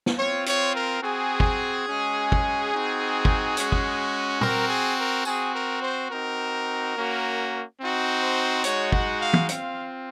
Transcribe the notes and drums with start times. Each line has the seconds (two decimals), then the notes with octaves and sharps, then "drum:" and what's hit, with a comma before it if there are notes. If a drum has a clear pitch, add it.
0.06 drum: snare
0.18 C4 F4 C#5
0.46 C#5, drum: hi-hat
0.75 A#4
1.02 C4 F#4 G#4
1.40 drum: kick
1.87 G#3 C#4 F#4
2.32 drum: kick
2.72 C4 D#4 F#4
3.25 drum: kick
3.57 G#3 C#4 F#4, drum: hi-hat
3.72 drum: kick
4.41 C4 F#4 A#4, drum: tom
4.69 G#4
4.98 A#4
5.25 C4 F#4 G#4, drum: tambourine
5.54 A#4
5.82 C5
6.10 C4 D#4 F#4 A#4
6.96 A#3 C#4 F#4
7.80 C4 D#4 F#4
8.22 C5
8.64 G#3 D#4 F#4 C#5, drum: hi-hat
8.92 F#5, drum: kick
9.20 F5
9.33 drum: tom
9.49 C4 F4 F5, drum: hi-hat